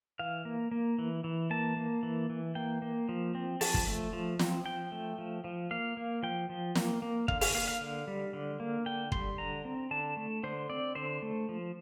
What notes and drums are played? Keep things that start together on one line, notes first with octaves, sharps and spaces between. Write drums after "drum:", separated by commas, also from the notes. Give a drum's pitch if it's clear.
E3 F5
A#3
A#3
E3
E3
A#3 A5
A#3
E3
E3
A#3 G5
A#3
F3
C4
F3 A5, drum: open hi-hat
drum: kick
A3
F3
C4, drum: snare
F3 G5
A3
F3
F3
A#3 F5
A#3
F3 G5
F3
A#3, drum: snare
A#3
D3 F5, drum: kick
F5, drum: open hi-hat
A#3 F5
F5
D3
G3
D3
A#3
D3 G5
G3 C6, drum: kick
D3 A#5
C4
D3 A5
A3
D3 C5
C4 D5
D3 C5
A3
F3